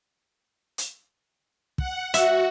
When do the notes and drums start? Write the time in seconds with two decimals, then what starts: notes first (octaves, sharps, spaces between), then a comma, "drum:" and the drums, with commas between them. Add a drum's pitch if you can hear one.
0.78 drum: hi-hat
1.78 F#5, drum: kick
2.14 F#4 E5, drum: hi-hat